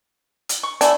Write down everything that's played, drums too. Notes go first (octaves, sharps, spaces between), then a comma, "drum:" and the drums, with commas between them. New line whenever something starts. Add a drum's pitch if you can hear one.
drum: hi-hat
C#6
A3 D4 E4 G#5, drum: hi-hat